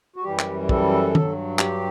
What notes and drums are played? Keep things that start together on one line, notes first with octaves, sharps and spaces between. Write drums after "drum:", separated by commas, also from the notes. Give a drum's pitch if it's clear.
F#4
F#2 E3 G3 G4
drum: clap
A4, drum: kick
G2 F#3, drum: tom D#3
G4, drum: clap